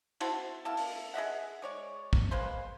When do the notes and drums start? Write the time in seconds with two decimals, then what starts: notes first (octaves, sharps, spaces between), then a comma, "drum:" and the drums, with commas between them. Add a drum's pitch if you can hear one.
0.21 E4 F#4 C5 A5, drum: cymbal
0.65 A#3 E4 A5
0.77 drum: open hi-hat
1.14 G#4 D#5 E5 F#5
1.62 G#3 C#5 D5
2.13 drum: kick
2.31 G#3 A#3 B4 C5